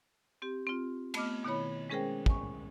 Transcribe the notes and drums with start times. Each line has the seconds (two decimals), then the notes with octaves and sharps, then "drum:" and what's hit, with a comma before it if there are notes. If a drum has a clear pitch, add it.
0.42 C4 G4
0.67 C4 F4
1.14 A3 B3 D#5 D6 F6, drum: cymbal
1.44 B2 D#3 E4 C#5 B5
1.90 G#3 C#4 G#4 A#4 C5 G5
2.26 G#5 C#6, drum: kick